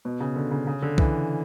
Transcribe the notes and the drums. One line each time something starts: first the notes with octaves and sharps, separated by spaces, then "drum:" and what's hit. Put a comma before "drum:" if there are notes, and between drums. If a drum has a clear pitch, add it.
B2
C#3
D3
C#3
C#3
D3
E3, drum: kick